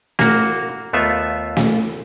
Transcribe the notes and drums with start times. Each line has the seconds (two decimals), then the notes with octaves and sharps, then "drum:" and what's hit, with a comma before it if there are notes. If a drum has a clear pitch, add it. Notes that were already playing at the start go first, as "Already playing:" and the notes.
0.19 A#3 F#4, drum: snare
0.93 D#2 A3 B3 F4 E5
1.57 drum: snare